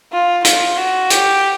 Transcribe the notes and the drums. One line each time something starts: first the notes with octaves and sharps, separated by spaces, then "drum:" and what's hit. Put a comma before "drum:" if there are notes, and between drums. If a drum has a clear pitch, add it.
F4
F4, drum: hi-hat
F#4
G4, drum: hi-hat